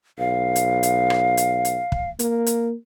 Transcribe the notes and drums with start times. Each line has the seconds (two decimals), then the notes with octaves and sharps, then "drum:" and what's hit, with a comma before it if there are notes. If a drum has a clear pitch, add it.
0.19 B1 F5
0.56 drum: hi-hat
0.83 drum: hi-hat
1.10 drum: rim click
1.37 drum: hi-hat
1.65 drum: hi-hat
1.92 drum: kick
2.19 A#3, drum: hi-hat
2.46 drum: hi-hat